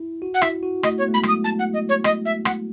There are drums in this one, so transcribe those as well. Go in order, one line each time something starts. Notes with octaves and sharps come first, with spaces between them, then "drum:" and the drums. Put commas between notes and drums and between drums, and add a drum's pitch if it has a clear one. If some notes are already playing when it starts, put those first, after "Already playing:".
Already playing: E4
F#4
F#5
E4 E5, drum: rim click
F#4
A3 D#5, drum: rim click
B3 C#5
A3
G#3 B5
F#3 D#6, drum: rim click
A5
F#5
D#5
C#5
D#5, drum: rim click
E5
F#5, drum: rim click